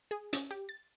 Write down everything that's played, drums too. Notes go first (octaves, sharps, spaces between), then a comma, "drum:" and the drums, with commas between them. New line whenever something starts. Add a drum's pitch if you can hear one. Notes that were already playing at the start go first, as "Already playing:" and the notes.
G#4
C#4, drum: hi-hat
G4
A6